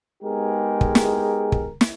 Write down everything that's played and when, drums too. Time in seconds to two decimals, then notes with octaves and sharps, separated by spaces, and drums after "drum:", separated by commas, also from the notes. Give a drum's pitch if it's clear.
0.24 G#3 B3 D#4 G4 G#4 A#4
0.81 drum: kick
0.95 drum: snare
1.52 drum: kick
1.81 drum: snare